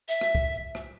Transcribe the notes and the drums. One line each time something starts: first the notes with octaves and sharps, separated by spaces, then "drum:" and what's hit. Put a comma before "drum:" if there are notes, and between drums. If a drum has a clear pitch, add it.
E5
drum: rim click
drum: kick
drum: rim click